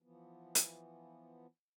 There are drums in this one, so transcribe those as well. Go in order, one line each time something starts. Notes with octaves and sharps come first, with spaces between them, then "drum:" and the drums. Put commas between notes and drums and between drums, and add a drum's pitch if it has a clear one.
E3 F3 B3
drum: hi-hat